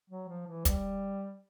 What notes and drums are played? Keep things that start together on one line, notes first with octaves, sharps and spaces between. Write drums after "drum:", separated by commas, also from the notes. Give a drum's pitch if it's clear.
F#3
F3
E3
G3, drum: kick, hi-hat